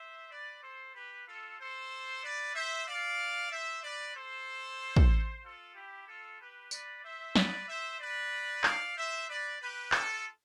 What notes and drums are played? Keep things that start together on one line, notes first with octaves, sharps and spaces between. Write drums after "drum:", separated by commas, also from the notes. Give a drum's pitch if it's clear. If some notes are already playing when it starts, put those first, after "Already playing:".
Already playing: C5 E5
B4 D5
A4 C5
G4 B4
F4 A4
A4 C5
B4 D5
C5 E5
D5 F5
C5 E5
B4 D5
A4 C5
drum: kick
F4 A4
E4 G4
F4 A4
G4 B4
B4 D5, drum: tambourine
C5 E5
B4 D5, drum: snare
C5 E5
B4 D5
D5 F5, drum: clap
C5 E5
B4 D5
G4 B4
F4 A4, drum: clap